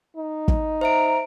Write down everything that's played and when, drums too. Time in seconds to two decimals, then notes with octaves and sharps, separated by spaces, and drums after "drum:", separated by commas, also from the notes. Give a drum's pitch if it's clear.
0.16 D#4
0.48 drum: kick
0.81 C5 E5 A#5 D7